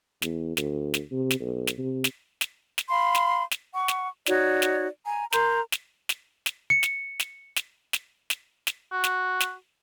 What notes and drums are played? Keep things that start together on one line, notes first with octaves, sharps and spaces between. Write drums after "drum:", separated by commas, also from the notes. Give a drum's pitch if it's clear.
E2, drum: snare
D2, drum: snare
drum: snare
C3
drum: snare
B1
drum: snare
C3
drum: snare
drum: snare
drum: snare
F5 B5 C6
drum: snare
drum: snare
F#5 C#6
drum: snare
D#4 F#4 C#5 D5, drum: snare
drum: snare
G#5 A#5
A#4 A#5 C6 G6, drum: snare
drum: snare
drum: snare
drum: snare
C#7
drum: snare
drum: snare
drum: snare
drum: snare
drum: snare
drum: snare
F#4
drum: snare
drum: snare